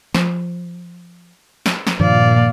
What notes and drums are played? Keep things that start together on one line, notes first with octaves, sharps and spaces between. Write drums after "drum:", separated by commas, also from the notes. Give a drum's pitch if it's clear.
F3, drum: snare
drum: snare
drum: snare
G2 A#2 D#3 F3 D5 F5